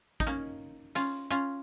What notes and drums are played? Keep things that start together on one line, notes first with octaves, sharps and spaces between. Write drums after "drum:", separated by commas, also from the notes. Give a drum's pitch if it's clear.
D#4, drum: kick
A#3 C#4
C#4 F4, drum: hi-hat
C#4 F4